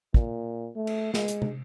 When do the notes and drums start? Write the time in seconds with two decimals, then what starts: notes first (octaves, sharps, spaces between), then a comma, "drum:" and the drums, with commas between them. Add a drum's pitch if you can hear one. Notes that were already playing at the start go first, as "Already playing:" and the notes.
0.14 A#2, drum: kick
0.76 A3
0.87 drum: cymbal
1.14 G#3, drum: snare
1.28 drum: hi-hat
1.42 drum: tom